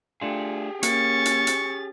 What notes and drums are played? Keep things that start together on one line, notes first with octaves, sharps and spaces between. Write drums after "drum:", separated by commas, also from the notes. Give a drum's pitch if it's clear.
A3 D4 F4 G4 G#4
A#3 C#4 C#6 A6, drum: hi-hat
drum: hi-hat
drum: hi-hat